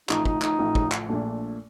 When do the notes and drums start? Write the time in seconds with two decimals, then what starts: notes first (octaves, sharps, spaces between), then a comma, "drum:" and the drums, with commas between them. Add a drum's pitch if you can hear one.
0.09 A1 A2 F3 D#4, drum: clap
0.25 D#4, drum: kick
0.42 D#4, drum: clap
0.59 A1 A2 F3
0.75 drum: kick
0.92 drum: clap
1.09 A#1 A#2 A3 D4